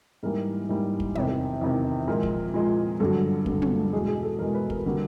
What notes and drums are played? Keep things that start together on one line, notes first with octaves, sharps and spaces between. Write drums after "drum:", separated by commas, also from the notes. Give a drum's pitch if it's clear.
G#2 E3 G3 A#3 A#4
G#2 E3 G3 A#3
drum: kick
E2 C3 D#3, drum: tom
E2 C3 D#3
A#2 F3 G#3 A#4
drum: kick
A#2 F3 G#3
G2 D3 F#3 A4
G2 D3 F#3, drum: kick
drum: tom
E2 B2 G#3 G#4
G#4
A4
E2 B2 G#3 A#4
B4
A#4, drum: kick
D3 G3 A#3 F#4